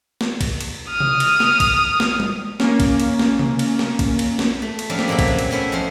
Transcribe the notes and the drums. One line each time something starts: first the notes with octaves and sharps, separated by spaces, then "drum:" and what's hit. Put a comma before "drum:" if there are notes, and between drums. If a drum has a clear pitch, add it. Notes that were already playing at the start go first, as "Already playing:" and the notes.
drum: snare
drum: kick, cymbal
drum: cymbal
D#6 F6
drum: tom C3
drum: cymbal
drum: snare
drum: kick, cymbal
drum: snare
drum: tom G3
A#3 C#4, drum: snare
drum: kick, cymbal
drum: cymbal
drum: snare
drum: tom C3
drum: cymbal
drum: snare
drum: kick, cymbal
drum: cymbal
drum: snare
A3
drum: cymbal
F3 G3 C#4 D4 D5 E5
drum: snare
F2 A#2 F#3 G#4 E5
drum: kick, cymbal
F#3
drum: cymbal
A3 B3 C#4 E4 C5 E5
F2 C#4 C5